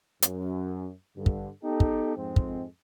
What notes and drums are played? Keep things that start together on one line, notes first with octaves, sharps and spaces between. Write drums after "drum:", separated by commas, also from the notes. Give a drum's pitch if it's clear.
F#2, drum: hi-hat
G2 D3
drum: kick
B3 D#4 G4 A4
drum: kick
F2 G#2 G#3 C4
drum: kick